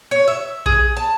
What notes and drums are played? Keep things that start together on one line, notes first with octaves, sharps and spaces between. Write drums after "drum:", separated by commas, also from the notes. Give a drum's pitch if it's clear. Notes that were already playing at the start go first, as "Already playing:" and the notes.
C#5
E5
G#4, drum: kick A#1
A5